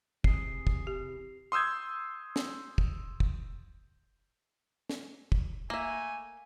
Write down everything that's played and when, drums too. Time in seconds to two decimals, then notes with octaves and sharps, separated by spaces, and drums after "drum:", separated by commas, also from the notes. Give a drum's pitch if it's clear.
0.24 C3 E3 G#4 C7, drum: kick
0.67 drum: kick
0.87 G4
1.52 C6 D#6 E6 G6 G#6
2.36 drum: snare
2.78 drum: kick
3.20 drum: kick
4.90 drum: snare
5.32 drum: kick
5.70 A3 A#3 E5 G#5